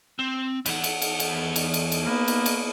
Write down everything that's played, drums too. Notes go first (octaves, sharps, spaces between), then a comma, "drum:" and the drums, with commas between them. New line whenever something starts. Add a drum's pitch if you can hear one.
C4
E2 F#5, drum: cymbal
drum: cymbal
drum: cymbal
drum: cymbal
drum: cymbal
drum: cymbal
drum: cymbal
A#3 B3
drum: cymbal
drum: cymbal